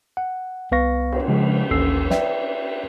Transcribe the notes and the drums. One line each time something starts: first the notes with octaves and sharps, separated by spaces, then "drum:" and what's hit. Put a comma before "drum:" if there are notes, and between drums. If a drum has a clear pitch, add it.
F#5
C2 B3 B4 F5 C#6 A#6
drum: cymbal
C#3 F3 G#3
A1 D#2 C#4 A4 E6 C7
B4 D5 E5 G5, drum: snare